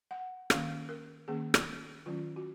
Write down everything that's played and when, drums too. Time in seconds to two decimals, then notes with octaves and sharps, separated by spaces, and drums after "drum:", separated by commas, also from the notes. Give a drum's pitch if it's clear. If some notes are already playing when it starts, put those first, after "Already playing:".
0.11 F#5
0.50 D#3 A#3 C#4 F5, drum: rim click
0.89 A#4
1.28 D#3 A#3 C#4 G#4
1.54 drum: rim click
2.06 D#3 F#3 C#4 F4
2.36 F#4